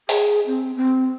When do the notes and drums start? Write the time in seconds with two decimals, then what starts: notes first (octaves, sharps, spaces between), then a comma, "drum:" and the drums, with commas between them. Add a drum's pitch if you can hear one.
0.09 G#4, drum: open hi-hat
0.46 C4
0.77 C4